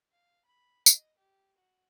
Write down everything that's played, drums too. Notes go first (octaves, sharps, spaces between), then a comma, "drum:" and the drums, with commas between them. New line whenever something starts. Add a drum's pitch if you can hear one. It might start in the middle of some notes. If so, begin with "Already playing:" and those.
F5
B5
D#5, drum: tambourine
G4
F#4